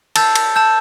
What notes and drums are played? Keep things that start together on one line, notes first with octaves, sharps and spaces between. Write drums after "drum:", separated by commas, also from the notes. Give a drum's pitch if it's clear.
A5 E6 G6 A6, drum: cymbal
drum: cymbal
A5 E6 G6